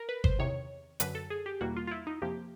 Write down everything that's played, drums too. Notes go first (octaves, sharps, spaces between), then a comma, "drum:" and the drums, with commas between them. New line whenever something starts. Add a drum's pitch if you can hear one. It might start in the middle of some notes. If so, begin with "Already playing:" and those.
Already playing: A#4
B4
C5, drum: kick G1
E2 C3 D#3 C#5
F#2 D3 F#3 B4, drum: hi-hat
A4
G#4
G4
E2 B2 G3 A#3 F#4
F4
F4
E4
D#4
F2 C3 F3 A#3 G4